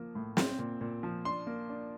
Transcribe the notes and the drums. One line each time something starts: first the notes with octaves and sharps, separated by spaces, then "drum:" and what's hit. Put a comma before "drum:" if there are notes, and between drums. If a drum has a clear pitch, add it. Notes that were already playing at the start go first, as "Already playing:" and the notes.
Already playing: F3 A#3
A2
C4, drum: snare
A#2
A#2
F3
D4 C6
A#3
D4